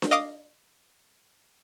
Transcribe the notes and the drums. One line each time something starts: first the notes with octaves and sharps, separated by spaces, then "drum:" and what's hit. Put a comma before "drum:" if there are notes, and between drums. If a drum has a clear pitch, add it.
drum: snare D4
D#5 F5 D6 D#6